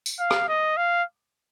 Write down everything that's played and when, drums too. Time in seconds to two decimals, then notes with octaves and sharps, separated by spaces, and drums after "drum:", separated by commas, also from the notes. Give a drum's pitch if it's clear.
0.06 drum: tambourine
0.19 F5
0.30 drum: rim click
0.48 D#5
0.77 F5